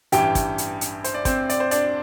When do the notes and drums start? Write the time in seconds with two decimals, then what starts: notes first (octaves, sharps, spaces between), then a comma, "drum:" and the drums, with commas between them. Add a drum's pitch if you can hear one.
0.12 A1 G2 E3 G4 G5, drum: hi-hat
0.35 drum: kick, hi-hat
0.58 drum: hi-hat
0.81 drum: hi-hat
1.04 C5, drum: hi-hat
1.14 D5
1.25 C4 C5, drum: kick, hi-hat
1.50 D5, drum: hi-hat
1.60 C5
1.71 D4 D5, drum: hi-hat